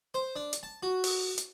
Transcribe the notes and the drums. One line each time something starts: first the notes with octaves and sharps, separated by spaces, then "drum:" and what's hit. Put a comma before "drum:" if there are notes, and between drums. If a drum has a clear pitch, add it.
C5
D4
drum: hi-hat
A5
F#4
drum: open hi-hat
drum: hi-hat